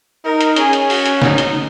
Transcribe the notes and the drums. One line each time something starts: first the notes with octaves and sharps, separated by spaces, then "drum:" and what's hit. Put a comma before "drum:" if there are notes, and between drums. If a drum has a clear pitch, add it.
D#4 A#4
drum: hi-hat
C#4 G#4, drum: hi-hat
drum: hi-hat
F#4, drum: open hi-hat
drum: hi-hat
D#4, drum: snare
drum: hi-hat